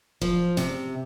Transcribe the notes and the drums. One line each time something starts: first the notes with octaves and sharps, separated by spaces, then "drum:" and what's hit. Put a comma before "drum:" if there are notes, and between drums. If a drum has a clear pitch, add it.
F3, drum: kick E1
C3, drum: snare